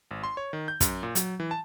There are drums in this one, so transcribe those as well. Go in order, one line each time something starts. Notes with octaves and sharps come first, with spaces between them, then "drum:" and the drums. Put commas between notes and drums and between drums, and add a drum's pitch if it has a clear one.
G#1
C6
C#5
D#3
G6
F#2, drum: kick, hi-hat
A#2
F#3, drum: hi-hat
E3
A5